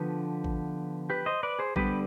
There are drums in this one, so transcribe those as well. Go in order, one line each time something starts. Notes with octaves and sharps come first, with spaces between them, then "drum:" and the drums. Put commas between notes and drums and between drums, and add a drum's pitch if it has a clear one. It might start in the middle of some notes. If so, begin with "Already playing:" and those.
Already playing: D3 F3 B3 G4 B4
drum: kick A1
G4 B4
C5 D#5
B4 D5
G#4 C5
D3 G3 B3 G4 B4, drum: kick A1